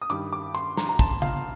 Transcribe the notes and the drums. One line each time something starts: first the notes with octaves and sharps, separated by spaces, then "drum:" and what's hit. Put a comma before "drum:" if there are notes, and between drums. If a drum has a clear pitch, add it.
D#6
G2 D#3 G3 D6, drum: hi-hat
D6
C6, drum: hi-hat
A#5, drum: snare
A#5
A5, drum: kick, hi-hat
F5, drum: tom C#3